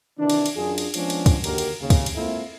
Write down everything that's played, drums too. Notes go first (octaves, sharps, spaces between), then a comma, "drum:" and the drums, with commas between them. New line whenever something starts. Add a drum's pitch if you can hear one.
C3 D#3 E3 D4
drum: cymbal
drum: cymbal
F#2 D4 F4 G#4
drum: cymbal
F3 G#3 B3 C#4 D4 F4, drum: cymbal
drum: cymbal
drum: kick, cymbal
D#2 D3 F#4 G4 A#4, drum: cymbal
drum: cymbal
D#2 C#3
drum: kick, cymbal
drum: cymbal
G#3 A#3 C4 E4 F4 A4